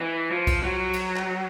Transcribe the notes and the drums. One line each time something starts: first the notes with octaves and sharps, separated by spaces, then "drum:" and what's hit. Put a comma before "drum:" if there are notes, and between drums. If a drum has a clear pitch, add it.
E3
F3
drum: kick, cymbal
F#3
drum: cymbal
drum: clap